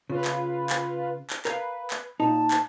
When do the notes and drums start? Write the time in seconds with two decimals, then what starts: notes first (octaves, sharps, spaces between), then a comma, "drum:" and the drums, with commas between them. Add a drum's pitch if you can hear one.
0.10 C#3 F4 B4
0.24 drum: clap
0.70 drum: clap
1.30 drum: clap
1.45 A#4 B4 F5, drum: clap
1.90 drum: clap
2.20 A#2 D#4 A5
2.51 drum: clap